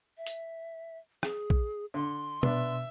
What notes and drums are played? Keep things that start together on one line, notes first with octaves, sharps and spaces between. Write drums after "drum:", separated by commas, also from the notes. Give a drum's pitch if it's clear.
E5
drum: hi-hat
G#4, drum: rim click
drum: kick A#1
D3 C6
B2 B3 D4 E5, drum: tom